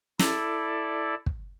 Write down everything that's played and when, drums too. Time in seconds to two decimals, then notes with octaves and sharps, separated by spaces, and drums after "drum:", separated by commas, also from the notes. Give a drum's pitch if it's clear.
0.19 E4 A4 D5, drum: snare
1.26 drum: kick